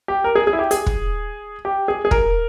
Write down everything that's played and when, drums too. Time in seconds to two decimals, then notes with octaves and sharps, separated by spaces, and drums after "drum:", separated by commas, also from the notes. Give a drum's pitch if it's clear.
0.08 G4
0.24 A#4
0.35 G#4
0.47 G#4
0.53 E4
0.59 G4
0.71 G#4, drum: hi-hat
0.86 drum: kick
1.65 G4
1.88 G#4
2.05 G#4
2.11 A#4, drum: kick